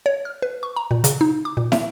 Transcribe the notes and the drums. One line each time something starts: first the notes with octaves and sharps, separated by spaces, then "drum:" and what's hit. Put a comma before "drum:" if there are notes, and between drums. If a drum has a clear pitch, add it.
C#5
F6
B4
C#6
A#5
A#2
C#3, drum: hi-hat
D#4
D6
A#2
E5, drum: snare